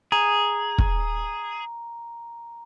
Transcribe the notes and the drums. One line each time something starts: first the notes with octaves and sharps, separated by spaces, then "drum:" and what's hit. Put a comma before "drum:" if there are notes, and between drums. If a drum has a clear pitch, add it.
G#4 A#5
drum: kick